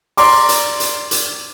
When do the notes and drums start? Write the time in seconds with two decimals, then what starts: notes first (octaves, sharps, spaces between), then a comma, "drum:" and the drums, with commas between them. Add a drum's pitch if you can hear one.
0.17 D5 A#5 C6 D6, drum: open hi-hat
0.49 drum: hi-hat
0.80 drum: hi-hat
1.11 drum: hi-hat